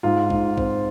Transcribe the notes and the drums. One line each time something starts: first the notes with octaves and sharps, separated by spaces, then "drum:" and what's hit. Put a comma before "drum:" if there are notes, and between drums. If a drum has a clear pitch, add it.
G#2 F4
G#2, drum: kick A#1
C4, drum: kick A#1